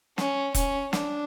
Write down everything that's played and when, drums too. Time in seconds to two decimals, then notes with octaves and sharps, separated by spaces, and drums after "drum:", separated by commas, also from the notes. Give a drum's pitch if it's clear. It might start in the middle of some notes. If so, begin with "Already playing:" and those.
0.18 C#4, drum: snare
0.54 C#4, drum: kick E1, hi-hat
0.93 D4, drum: snare